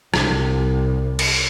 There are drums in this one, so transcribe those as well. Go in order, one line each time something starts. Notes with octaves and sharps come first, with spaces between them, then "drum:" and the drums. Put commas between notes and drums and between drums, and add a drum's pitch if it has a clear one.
C2, drum: rim click
drum: cymbal